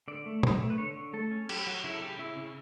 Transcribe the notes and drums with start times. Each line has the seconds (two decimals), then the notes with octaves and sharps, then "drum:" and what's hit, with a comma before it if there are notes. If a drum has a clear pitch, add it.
0.08 D3 D5
0.26 A3
0.43 D3, drum: tom
0.61 A3
0.70 B4
0.78 D3 C#5
0.97 D3
1.13 A3 A4
1.31 C#4
1.49 F#3 G4, drum: cymbal
1.66 F#3 F#4
1.84 C#3 E4
1.93 A4
2.02 C#3 G4
2.19 C#3 E4
2.37 C#3